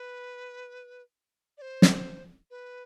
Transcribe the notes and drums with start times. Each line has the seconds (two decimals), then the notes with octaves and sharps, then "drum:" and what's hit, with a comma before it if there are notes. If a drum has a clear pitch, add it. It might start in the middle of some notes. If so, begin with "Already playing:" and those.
Already playing: B4
1.58 D5
1.62 C5
1.82 drum: snare
2.51 B4